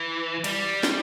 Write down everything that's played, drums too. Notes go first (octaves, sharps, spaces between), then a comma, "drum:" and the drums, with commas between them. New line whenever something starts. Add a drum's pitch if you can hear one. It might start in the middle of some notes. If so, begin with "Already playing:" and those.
Already playing: E3
G3, drum: cymbal
drum: snare